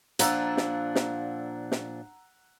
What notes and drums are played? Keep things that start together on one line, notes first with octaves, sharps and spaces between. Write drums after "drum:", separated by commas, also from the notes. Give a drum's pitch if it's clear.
A#2 F3 D4 F#5 A#5 E6, drum: hi-hat
drum: snare
drum: snare
drum: snare